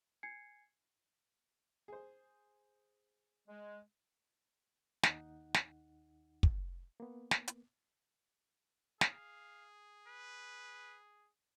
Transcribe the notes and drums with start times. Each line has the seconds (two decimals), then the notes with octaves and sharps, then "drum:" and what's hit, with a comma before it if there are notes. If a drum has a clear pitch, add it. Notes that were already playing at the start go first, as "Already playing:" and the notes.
0.23 G#5 G#6 C7 C#7
1.88 G#4 C5
3.48 G#3
5.03 D#2 D#4 F#5, drum: snare
5.54 drum: snare
6.43 drum: kick
7.00 A#3 B3
7.31 drum: snare
7.48 drum: hi-hat
9.01 G#4 F5, drum: snare
10.07 B4